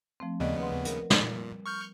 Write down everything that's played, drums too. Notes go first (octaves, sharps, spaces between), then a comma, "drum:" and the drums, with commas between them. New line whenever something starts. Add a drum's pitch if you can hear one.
F3 A3 C4
D#2 C#3 B3 D5 D#5
B4 F#5 C6
A#4, drum: hi-hat
drum: snare
A#2 G3
C#6 F6 G6